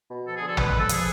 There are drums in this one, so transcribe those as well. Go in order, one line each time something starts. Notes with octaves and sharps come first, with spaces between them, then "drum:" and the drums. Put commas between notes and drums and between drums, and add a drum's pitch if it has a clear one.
B2
F3 A4
G#4
D3 A4
G#3 B4, drum: tom
B4
F3
A4
G#4, drum: hi-hat